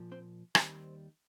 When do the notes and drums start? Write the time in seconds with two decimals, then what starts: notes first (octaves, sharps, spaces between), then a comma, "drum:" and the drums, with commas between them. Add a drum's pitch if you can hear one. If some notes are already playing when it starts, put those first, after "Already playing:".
Already playing: A#2 F3
0.12 C4 C5
0.55 D#2 D#3 G3 C4 C5, drum: rim click